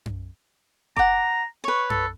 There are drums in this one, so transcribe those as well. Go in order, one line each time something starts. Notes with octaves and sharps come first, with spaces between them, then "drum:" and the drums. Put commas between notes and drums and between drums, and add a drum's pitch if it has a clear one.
drum: tom F#2
F#5 A#5 D6, drum: kick F#1
B4 C#5 C#6
A4, drum: tom F#2